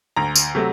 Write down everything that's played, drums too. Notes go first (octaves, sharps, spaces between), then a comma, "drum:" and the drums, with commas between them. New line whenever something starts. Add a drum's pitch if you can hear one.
D2 A#5
drum: tambourine
C3 F#3 A3